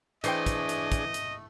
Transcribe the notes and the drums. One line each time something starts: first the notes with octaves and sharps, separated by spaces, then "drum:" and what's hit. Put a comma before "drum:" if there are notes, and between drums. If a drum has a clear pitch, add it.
E3 A3 D4 G#4 C5 D#5 G5, drum: hi-hat
drum: kick, hi-hat
drum: hi-hat
drum: kick, hi-hat
drum: hi-hat